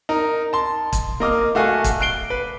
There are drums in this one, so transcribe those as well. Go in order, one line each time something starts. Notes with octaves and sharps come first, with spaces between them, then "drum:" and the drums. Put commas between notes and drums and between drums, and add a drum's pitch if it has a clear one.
D#4 A#4
A5 C6
drum: kick, hi-hat
A#3 D#5 D6 F6
A3 F#4 F5 G#5
drum: kick, hi-hat
F#6 C7 D7 G7
B4